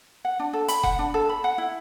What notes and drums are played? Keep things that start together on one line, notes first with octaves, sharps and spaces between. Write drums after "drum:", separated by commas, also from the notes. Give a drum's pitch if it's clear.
F#5
D4
A4
B5, drum: hi-hat
F#5, drum: kick F1
D4
A4
B5
F#5
E4